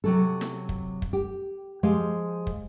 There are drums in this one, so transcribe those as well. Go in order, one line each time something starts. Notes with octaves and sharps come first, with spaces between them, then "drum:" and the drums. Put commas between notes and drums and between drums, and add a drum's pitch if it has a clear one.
C3 F#3 A4
drum: snare
drum: kick
drum: kick
G4
F3 G#3 G4 F5
drum: kick